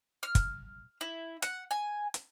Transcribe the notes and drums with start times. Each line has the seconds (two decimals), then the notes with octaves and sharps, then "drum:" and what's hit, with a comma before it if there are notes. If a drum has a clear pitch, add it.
0.23 F6
0.35 drum: kick, hi-hat
1.01 E4
1.42 F#5, drum: hi-hat
1.71 G#5
2.14 drum: hi-hat